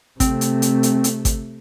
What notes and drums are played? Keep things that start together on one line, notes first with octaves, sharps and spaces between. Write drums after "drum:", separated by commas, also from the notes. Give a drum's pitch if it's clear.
C3 A3 C4, drum: kick G#1, hi-hat
drum: hi-hat
drum: hi-hat
drum: hi-hat
drum: hi-hat
drum: kick G#1, hi-hat